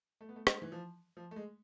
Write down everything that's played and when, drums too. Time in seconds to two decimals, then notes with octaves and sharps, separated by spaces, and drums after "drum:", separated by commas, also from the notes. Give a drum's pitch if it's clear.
0.21 A3
0.29 B3
0.36 A3
0.47 G#3, drum: rim click
0.62 E3
0.72 F3
1.17 F3
1.31 A3
1.36 G#3